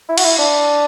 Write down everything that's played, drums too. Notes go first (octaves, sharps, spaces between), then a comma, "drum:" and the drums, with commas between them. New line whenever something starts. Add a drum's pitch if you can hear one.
E4
F#4, drum: cymbal
E4
D4